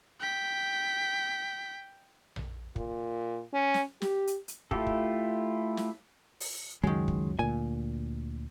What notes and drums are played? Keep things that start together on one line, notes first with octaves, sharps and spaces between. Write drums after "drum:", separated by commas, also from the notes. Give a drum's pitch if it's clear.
G5 B6
drum: tom A#1
A#2, drum: kick
C#4
drum: snare
G4, drum: snare
drum: hi-hat
drum: hi-hat
A3 E4 F4 G4 A4, drum: kick
drum: kick
drum: snare
drum: open hi-hat
C#2 F#2 D#3 F#3 G#3
drum: kick
D2 A#2 G#5